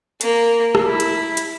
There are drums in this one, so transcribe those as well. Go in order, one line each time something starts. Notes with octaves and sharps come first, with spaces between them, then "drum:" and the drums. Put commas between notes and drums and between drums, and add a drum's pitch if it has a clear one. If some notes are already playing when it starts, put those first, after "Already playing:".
A#3, drum: hi-hat
drum: rim click
E4
drum: hi-hat
drum: hi-hat